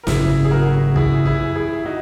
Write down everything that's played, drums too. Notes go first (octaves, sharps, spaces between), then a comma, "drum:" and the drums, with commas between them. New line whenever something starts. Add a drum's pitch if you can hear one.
A#4
G#1 F#2 C#3 E4 G#4, drum: snare
G#4
F#4 A#4
E4 G#4, drum: kick
E4 G#4
E4 G#4
D#4 F#4